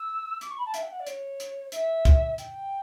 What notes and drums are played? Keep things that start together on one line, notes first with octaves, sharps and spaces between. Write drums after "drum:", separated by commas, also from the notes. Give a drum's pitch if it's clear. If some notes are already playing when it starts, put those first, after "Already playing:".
Already playing: E6
D6, drum: hi-hat
C#6
B5
A5
E5, drum: hi-hat
G5
F#5
D5
C#5, drum: hi-hat
drum: hi-hat
E5, drum: hi-hat
drum: kick, hi-hat
G5, drum: hi-hat